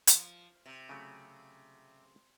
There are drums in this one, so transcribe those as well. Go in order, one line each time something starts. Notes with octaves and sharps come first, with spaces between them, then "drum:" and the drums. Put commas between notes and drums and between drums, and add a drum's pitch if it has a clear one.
F3, drum: hi-hat
C3
C#3 F#3 A3